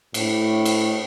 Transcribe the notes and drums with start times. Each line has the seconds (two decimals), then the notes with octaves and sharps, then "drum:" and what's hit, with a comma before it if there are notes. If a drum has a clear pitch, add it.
0.14 A2, drum: cymbal
0.65 drum: cymbal